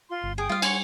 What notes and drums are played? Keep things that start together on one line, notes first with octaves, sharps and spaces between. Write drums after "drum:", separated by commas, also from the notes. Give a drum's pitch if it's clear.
F4 C6
G1
G#4 G5 D#6
G3 F4 F5
C#5 F#5 G#5 C6 C#6, drum: cymbal